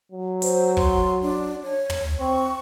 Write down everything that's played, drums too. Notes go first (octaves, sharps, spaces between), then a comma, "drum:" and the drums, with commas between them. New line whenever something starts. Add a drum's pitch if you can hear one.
F#3
C5, drum: hi-hat
C6, drum: kick
D4
C#5
drum: tom
C4 C#6